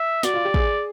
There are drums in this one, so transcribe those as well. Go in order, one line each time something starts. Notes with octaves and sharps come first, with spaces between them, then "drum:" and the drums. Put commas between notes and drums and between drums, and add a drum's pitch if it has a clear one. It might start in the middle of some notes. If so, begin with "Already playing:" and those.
Already playing: E5
F#4 D5, drum: snare
F4
G4
G#4, drum: kick